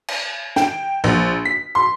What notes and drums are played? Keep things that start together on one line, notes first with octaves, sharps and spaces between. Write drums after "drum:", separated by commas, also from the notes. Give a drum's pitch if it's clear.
drum: cymbal
G5, drum: snare
A#1
B6
C6